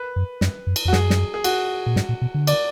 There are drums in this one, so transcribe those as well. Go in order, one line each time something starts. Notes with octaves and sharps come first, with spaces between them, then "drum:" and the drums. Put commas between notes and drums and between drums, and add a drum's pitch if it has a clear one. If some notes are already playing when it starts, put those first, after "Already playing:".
Already playing: B4
F#2
F#2, drum: snare
F#2
drum: cymbal
F2 F#4
F#2 G#4, drum: snare
drum: snare
G#4
F#4, drum: cymbal
A#2
G#2, drum: snare
A#2
B2
D3
D5, drum: cymbal